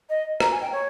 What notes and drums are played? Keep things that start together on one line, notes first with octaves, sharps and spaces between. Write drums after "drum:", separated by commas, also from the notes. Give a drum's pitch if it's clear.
D#5
A#5, drum: rim click
G#5
G5
C#5